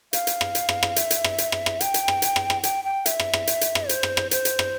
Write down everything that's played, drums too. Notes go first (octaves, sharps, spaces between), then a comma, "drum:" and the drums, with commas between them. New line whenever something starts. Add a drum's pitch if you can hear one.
F5, drum: hi-hat
drum: hi-hat
drum: rim click
drum: hi-hat
drum: rim click
drum: rim click
E5, drum: hi-hat
drum: hi-hat
drum: rim click
drum: hi-hat
drum: rim click
drum: rim click
G5, drum: hi-hat
drum: hi-hat
drum: rim click
drum: hi-hat
drum: rim click
drum: rim click
G5, drum: hi-hat
G5
E5, drum: hi-hat
drum: rim click
drum: rim click
drum: hi-hat
drum: hi-hat
drum: rim click
C5, drum: hi-hat
drum: rim click
drum: rim click
C5, drum: hi-hat
drum: hi-hat
drum: rim click